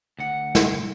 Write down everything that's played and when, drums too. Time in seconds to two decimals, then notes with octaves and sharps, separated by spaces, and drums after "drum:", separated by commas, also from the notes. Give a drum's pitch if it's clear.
0.19 D2 F#5
0.55 drum: snare